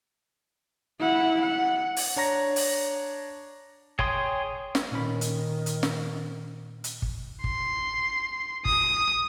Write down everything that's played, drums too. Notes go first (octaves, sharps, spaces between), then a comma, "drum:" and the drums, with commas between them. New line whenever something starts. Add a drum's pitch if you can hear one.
E4 F#5
F#5
drum: open hi-hat
D4 C#5 A#5 A#6
drum: open hi-hat
G#4 C#5 G5 C6 D#6, drum: kick
drum: snare
A#2 D#3 C#4 B5
drum: hi-hat
drum: hi-hat
drum: snare
drum: hi-hat
drum: kick
C6, drum: kick
D#6, drum: kick